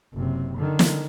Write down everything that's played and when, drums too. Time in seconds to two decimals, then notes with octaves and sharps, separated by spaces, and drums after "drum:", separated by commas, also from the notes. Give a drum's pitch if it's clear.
0.14 F#1 C3
0.58 D3 D#3
0.79 drum: snare